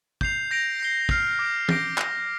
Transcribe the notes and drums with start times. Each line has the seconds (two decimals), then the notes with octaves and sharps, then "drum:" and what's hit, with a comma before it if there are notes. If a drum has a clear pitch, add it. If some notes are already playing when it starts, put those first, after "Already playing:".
0.21 G6 C7 F7, drum: kick
0.51 G6 A#6 D7 F7
0.80 G6 C7 G7
1.09 F6 C7 F7, drum: kick
1.39 D6 G6 D7
1.68 G6 A#6 D7, drum: tom
1.98 drum: clap